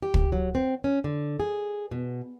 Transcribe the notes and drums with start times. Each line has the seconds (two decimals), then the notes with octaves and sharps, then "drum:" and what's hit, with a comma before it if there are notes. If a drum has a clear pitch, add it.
0.03 G4
0.14 drum: kick
0.32 F#3
0.55 C4
0.84 C#4
1.04 D3
1.40 G#4
1.91 B2